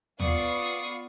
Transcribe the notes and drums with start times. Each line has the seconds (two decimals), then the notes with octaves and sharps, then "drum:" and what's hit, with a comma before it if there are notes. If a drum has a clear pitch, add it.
0.20 B3 F4 D5 C#6 D#6 C7, drum: tom